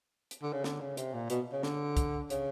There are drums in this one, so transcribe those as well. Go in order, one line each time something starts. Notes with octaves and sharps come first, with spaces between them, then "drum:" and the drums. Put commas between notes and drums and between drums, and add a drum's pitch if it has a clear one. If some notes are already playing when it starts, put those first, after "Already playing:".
drum: hi-hat
D3
C#3
D3, drum: snare
C#3
C3, drum: hi-hat
A#2
B2, drum: hi-hat
C#3
D3, drum: snare
drum: kick C2, hi-hat
C#3, drum: hi-hat